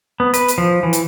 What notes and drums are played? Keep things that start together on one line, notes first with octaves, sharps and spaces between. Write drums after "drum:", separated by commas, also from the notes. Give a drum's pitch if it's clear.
B3
B4, drum: hi-hat
drum: hi-hat
F3
E3
drum: hi-hat